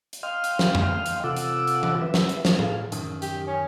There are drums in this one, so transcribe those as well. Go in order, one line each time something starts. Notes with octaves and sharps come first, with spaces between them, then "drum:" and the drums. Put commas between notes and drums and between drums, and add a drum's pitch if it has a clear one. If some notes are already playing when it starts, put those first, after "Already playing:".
drum: hi-hat
D#5 F5 G5 C6 F6
drum: hi-hat
drum: snare
drum: tom F2
drum: hi-hat
C3 F4 A4 F#5 D6 E6
drum: hi-hat
drum: hi-hat
drum: tom E3
F#3 B4 E5
drum: snare
drum: hi-hat
drum: snare
G#4 A4 F5, drum: tom A2
F#2 D#3, drum: hi-hat
G4, drum: hi-hat
C#4